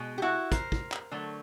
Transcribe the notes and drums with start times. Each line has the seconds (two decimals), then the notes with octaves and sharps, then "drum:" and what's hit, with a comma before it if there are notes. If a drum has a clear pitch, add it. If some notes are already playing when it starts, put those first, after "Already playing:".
Already playing: B2 G#3
0.18 G4
0.22 E4 F#4
0.52 A#4 C5, drum: kick, hi-hat
0.72 drum: kick
0.92 drum: clap
1.11 D3 F#3 A3